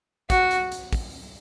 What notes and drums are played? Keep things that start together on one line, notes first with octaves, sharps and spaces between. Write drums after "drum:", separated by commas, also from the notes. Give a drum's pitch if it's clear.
F#4, drum: kick, hi-hat
drum: hi-hat
drum: hi-hat
drum: kick, open hi-hat